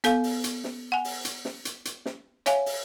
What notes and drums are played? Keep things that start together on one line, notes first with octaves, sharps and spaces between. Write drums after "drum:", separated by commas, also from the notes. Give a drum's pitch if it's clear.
B3 A4 F5, drum: hi-hat
drum: open hi-hat
drum: hi-hat
drum: snare
F#5 G#5
drum: open hi-hat
drum: hi-hat
drum: snare
drum: hi-hat
drum: hi-hat
drum: snare
C#5 E5 F5 G#5, drum: hi-hat
drum: open hi-hat